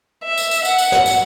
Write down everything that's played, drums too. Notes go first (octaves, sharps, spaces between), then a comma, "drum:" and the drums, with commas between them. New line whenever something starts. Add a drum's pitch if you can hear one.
E5
drum: tambourine
drum: tambourine
F#5, drum: tambourine
drum: tambourine
drum: snare
drum: tambourine